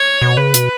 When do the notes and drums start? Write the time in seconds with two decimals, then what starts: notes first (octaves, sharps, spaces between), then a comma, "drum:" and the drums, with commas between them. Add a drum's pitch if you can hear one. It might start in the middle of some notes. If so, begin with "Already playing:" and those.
Already playing: C#5
0.22 B2
0.37 C#3 B4
0.54 B2, drum: hi-hat